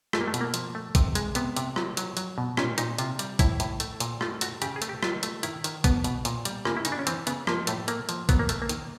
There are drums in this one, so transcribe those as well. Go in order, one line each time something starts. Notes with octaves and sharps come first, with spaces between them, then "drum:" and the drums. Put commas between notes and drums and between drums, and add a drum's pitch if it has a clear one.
G#3 A3, drum: rim click
A#3
A3
B2, drum: hi-hat
A#3
F3, drum: hi-hat
A3
C3, drum: kick, hi-hat
G#3, drum: hi-hat
C3 B3, drum: hi-hat
C3, drum: hi-hat
F#3, drum: rim click
F#3, drum: hi-hat
F#3, drum: hi-hat
B2
A#2 C#4, drum: rim click
A#2 D#4, drum: hi-hat
C3 F4, drum: hi-hat
G3, drum: hi-hat
A2 E4, drum: kick, hi-hat
A2, drum: hi-hat
A3, drum: hi-hat
A#2, drum: hi-hat
A3 F4, drum: rim click
A3 F#4, drum: hi-hat
C#3 G4, drum: hi-hat
G#4
A3, drum: hi-hat
G4
F#3 F4, drum: rim click
A3, drum: hi-hat
D#3 E4, drum: hi-hat
D#3, drum: hi-hat
B2 B3, drum: kick, hi-hat
B2, drum: hi-hat
A#2, drum: hi-hat
G3, drum: hi-hat
C#3 A#3, drum: rim click
E4
C#3 D#4, drum: hi-hat
D4
C#4
E3 C4, drum: hi-hat
C#3 B3, drum: hi-hat
F3 A#3, drum: rim click
A2 A3, drum: hi-hat
A3 A#3, drum: hi-hat
F3, drum: hi-hat
F#3 B3, drum: kick, hi-hat
A#3
A3, drum: hi-hat
A#3
D#3, drum: hi-hat